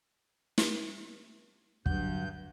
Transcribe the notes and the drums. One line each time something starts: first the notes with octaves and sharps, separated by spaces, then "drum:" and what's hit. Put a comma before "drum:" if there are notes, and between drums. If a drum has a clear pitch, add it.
drum: snare
G2 D3 F#3 F#5 G6, drum: kick